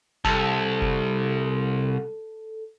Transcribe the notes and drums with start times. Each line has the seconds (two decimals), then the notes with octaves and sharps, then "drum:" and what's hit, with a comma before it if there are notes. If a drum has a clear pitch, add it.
0.25 C2 A4, drum: kick F1
0.81 drum: kick F1